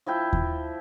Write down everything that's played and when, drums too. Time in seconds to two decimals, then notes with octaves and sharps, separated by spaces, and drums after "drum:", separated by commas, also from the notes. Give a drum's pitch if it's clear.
0.06 F3 E4 G5
0.33 drum: kick D#2